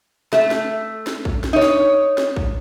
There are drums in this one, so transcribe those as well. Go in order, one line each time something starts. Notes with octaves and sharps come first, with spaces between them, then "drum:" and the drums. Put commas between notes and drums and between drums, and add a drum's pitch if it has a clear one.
A3, drum: snare
drum: snare
drum: snare
drum: kick A#1
drum: snare
D#4 C#5
drum: snare
drum: snare
drum: kick A#1